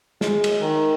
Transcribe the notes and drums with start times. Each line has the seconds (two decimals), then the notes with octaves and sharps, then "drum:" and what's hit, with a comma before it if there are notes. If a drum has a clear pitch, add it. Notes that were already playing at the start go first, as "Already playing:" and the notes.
0.21 G#3, drum: snare
0.44 drum: cymbal
0.61 D#3